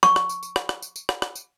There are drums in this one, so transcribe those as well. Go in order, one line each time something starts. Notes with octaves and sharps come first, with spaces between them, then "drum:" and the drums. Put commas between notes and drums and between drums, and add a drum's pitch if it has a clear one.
C#6, drum: rim click
drum: rim click
drum: tambourine
drum: tambourine
drum: rim click
drum: rim click
drum: tambourine
drum: tambourine
drum: rim click
drum: rim click
drum: tambourine